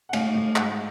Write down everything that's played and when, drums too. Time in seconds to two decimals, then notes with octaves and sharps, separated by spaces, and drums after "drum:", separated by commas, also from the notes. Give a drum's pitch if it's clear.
0.09 F#5
0.13 A2 F5, drum: cymbal
0.35 A2
0.56 G#2, drum: clap